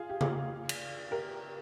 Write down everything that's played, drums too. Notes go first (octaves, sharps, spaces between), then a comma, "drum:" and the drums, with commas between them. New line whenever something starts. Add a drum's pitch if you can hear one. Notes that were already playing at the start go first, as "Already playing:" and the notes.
Already playing: F4 G#4
G4
F4 G#4, drum: tom C#3
drum: cymbal
G4 A#4